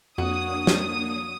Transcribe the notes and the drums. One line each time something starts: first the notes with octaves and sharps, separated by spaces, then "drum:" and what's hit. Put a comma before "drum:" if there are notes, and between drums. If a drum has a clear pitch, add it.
F2 A#3 D4 F#4 C#5 D#6
drum: snare